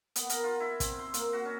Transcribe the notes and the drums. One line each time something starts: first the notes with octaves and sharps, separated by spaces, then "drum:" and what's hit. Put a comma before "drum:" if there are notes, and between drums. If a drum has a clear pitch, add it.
B3, drum: hi-hat
A#4, drum: hi-hat
F4
E4
C4, drum: kick, hi-hat
C6
A#3, drum: hi-hat
F#4
C#4